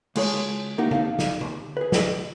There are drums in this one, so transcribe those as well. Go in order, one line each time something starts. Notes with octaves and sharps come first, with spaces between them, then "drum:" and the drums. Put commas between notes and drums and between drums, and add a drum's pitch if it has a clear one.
C#2 G#3 G#4 C#5 A5, drum: cymbal
D2 A#3 D#4 G4 A#4 F#5
D#4 F5 A5, drum: tom D3
drum: snare
drum: tom D3
G#4 B4
drum: snare